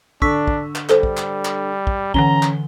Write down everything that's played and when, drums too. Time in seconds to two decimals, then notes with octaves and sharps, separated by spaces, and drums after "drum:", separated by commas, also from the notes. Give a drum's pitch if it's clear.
0.22 D3 D4 C#6 E6 B6, drum: kick
0.48 drum: kick
0.75 drum: clap
0.89 G3 A4 C5, drum: clap
1.03 drum: kick
1.17 drum: clap
1.45 drum: clap
1.87 drum: kick
2.14 D3 E3 C#4 A#5 G7, drum: kick
2.43 drum: clap